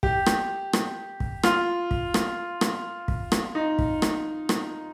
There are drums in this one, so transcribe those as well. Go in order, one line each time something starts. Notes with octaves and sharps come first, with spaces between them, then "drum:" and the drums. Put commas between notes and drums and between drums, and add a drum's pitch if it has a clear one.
G4, drum: kick
drum: rim click
drum: rim click
drum: kick
F4, drum: rim click
drum: kick
drum: rim click
drum: rim click
drum: kick
drum: rim click
D#4
drum: kick
drum: rim click
drum: rim click